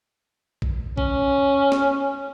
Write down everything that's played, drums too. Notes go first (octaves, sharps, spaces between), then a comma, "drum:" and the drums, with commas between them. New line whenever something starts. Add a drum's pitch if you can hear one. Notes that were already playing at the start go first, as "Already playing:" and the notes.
drum: kick A#1
C#4, drum: kick A#1
drum: snare